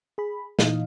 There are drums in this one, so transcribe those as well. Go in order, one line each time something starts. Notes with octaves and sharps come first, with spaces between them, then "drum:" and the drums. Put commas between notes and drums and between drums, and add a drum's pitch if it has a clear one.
G#4 B5
A#2 E3 D#4 D#5 F5, drum: snare